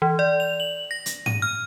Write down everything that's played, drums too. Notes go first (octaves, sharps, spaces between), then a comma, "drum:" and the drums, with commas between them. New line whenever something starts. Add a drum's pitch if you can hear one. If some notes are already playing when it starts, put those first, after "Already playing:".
E3
D5
F7
F#7
A#6
drum: hi-hat
D#7, drum: tom G#2
F6